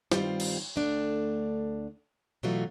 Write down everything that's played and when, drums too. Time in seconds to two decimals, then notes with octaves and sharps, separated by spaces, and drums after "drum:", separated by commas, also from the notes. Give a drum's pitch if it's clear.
0.12 G2 D#3 G3 C4 F4, drum: snare
0.40 drum: cymbal
0.76 D2 A3 D4
2.43 B2 E3 F#3 A3 F4